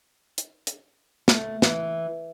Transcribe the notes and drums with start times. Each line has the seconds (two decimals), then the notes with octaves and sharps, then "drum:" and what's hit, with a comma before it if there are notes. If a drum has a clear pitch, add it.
0.38 drum: hi-hat
0.67 drum: hi-hat
1.28 A3, drum: snare
1.62 E3, drum: snare